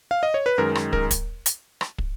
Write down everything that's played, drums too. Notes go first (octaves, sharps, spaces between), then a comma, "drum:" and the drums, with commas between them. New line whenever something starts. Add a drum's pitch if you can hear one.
F5
D#5
C#5
B4
F#2 D#3 G#3 A#4
drum: rim click
A#4, drum: kick
drum: kick, hi-hat
drum: hi-hat
drum: rim click
drum: kick